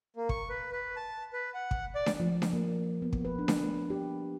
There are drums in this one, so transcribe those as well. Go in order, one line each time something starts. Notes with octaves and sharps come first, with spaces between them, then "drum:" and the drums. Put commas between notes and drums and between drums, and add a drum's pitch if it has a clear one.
A#3
C#6, drum: kick
B4
B4
A5
B4
F#5
drum: kick
D5
drum: snare D4
F3
drum: snare D4
A#3
B3
drum: kick
B4
D4
drum: snare D4
G4